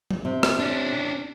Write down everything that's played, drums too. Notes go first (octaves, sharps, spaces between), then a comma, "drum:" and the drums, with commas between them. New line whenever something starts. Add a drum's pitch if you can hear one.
drum: tom F3
C3
drum: rim click
C#4 D4